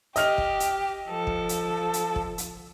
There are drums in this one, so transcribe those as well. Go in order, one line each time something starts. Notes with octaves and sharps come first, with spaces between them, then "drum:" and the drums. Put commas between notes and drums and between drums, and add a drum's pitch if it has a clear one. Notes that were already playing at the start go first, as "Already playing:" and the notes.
G4 D#5 F6 F7, drum: hi-hat
drum: kick
drum: hi-hat
F3 A4
drum: kick
drum: hi-hat
drum: hi-hat
drum: kick
drum: hi-hat